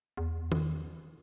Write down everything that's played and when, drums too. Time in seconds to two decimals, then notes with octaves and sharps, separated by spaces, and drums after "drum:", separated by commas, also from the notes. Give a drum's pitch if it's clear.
0.17 E2
0.52 drum: tom D#3